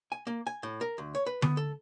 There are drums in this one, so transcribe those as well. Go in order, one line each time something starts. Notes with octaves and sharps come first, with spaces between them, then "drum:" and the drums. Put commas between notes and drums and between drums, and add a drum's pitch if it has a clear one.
G#5
A#3
G#5
A2
A#4
D2
C#5
B4
B3, drum: tom D3
A4